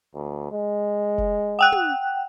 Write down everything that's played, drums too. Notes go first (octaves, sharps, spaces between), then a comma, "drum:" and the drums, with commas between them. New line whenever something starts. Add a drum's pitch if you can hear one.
D2
G#3
drum: kick
F#5 G5 F#6
drum: tom